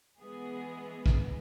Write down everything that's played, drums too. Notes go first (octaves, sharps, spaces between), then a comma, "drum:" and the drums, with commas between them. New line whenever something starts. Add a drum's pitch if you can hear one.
E3 G#3 B3 G#4
drum: kick A#1